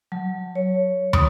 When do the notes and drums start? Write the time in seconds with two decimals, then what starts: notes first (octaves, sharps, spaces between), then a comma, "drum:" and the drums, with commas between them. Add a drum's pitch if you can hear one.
0.12 F#3
0.55 C#5
1.13 D#6, drum: tom